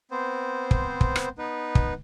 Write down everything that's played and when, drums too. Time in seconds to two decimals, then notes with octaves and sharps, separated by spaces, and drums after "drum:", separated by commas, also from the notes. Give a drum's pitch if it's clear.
0.11 B3 C4 C5
0.71 drum: kick
1.01 drum: kick
1.16 drum: rim click
1.38 B3 D#4 B4
1.75 drum: kick